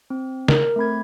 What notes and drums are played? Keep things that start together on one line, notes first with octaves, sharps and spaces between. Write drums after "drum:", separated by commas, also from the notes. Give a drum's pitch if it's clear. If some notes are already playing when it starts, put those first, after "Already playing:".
C4
A#4, drum: snare
A3 C4 B5 G#6